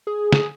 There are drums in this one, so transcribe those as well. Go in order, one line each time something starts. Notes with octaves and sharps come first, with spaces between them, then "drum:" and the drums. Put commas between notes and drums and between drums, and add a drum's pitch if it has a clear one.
G#4
drum: snare